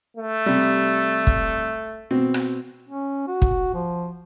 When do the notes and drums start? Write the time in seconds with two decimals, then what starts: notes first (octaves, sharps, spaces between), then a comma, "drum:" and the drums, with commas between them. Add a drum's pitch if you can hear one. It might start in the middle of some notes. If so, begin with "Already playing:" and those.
0.17 A3
0.46 C3 G3
1.27 drum: kick
2.11 B2 C4
2.34 drum: rim click
2.89 C#4
3.28 F#4
3.42 drum: kick
3.74 F3